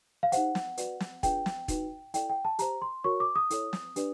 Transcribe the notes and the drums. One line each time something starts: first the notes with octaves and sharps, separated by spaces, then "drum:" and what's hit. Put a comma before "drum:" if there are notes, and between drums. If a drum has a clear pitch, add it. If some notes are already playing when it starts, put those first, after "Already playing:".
F5
D#4 G4 C5 F#5, drum: hi-hat
drum: snare
F#4 B4 D5, drum: hi-hat
drum: snare
D4 F4 G#4 B4 G5, drum: kick, hi-hat
drum: snare
D#4 F#4 B4, drum: kick, hi-hat
E4 A4 D5 G5, drum: hi-hat
G5
A5
G4 C5 A#5, drum: hi-hat
C6
F#4 A#4 C#5 C#6
D6
D#6
E4 A4 C#5, drum: hi-hat
drum: snare
D4 G4 B4 D5, drum: hi-hat